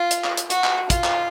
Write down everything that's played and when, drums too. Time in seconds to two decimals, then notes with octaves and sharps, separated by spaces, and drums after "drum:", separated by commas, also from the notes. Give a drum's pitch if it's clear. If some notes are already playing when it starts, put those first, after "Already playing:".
Already playing: F4
0.11 drum: hi-hat
0.24 drum: clap
0.37 drum: hi-hat
0.50 F#4, drum: hi-hat
0.64 drum: clap
0.90 F4, drum: kick, hi-hat
1.04 drum: clap